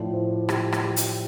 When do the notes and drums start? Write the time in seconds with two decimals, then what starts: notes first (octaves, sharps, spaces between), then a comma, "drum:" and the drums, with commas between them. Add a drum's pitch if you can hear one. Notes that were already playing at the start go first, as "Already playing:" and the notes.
Already playing: A2 F3 D5
0.13 C5
0.49 G4, drum: rim click
0.72 drum: rim click
0.85 G4
0.96 drum: hi-hat